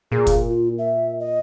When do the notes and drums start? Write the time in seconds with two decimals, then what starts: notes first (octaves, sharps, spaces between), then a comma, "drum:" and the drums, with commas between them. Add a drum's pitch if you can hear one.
0.12 A#2 G#4
0.27 drum: kick, hi-hat
0.49 F4
0.78 E5
1.20 D#5